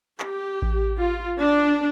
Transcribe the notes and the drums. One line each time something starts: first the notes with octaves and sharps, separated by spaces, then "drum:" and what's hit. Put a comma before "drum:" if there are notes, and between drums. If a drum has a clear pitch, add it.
G4, drum: clap
drum: kick A1
F4
D4